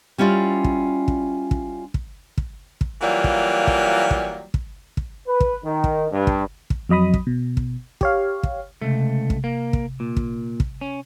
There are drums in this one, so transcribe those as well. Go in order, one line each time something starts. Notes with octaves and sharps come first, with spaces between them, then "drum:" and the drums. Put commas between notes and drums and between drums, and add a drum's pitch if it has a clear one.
G3 C#4 E4 F4 D5
drum: kick
drum: kick
drum: kick
drum: kick
drum: kick
drum: kick
E3 F#3 G3 A#3 F4
drum: kick
drum: kick
drum: kick
drum: kick
drum: kick
B4
drum: kick
D#3
drum: kick
G2
drum: kick
drum: kick
F2 F#3 D#5 B5 D#6
drum: kick
B2
drum: kick
G4 C#5 F5, drum: kick
drum: kick
C#2 C3 A3
drum: kick
A#3
drum: kick
A#2
drum: kick
drum: kick
C#4